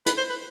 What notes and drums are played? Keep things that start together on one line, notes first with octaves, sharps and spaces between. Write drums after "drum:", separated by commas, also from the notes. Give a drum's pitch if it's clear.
B4, drum: hi-hat
C5
B4